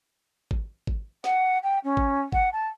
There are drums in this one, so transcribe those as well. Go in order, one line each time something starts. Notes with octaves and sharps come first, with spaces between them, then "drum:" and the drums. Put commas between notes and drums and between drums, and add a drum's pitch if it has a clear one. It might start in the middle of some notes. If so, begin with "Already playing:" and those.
drum: kick G#1
drum: kick G#1
F#5, drum: snare
G5
C#4
drum: kick G#1
F#5, drum: kick G#1
A5